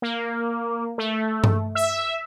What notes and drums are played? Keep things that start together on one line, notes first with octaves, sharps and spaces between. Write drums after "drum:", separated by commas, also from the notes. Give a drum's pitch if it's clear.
A#3
A3
drum: tom G2
E5